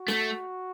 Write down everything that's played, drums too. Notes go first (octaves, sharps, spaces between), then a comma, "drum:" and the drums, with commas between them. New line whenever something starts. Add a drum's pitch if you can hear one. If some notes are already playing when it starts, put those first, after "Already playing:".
Already playing: F#4
A3, drum: snare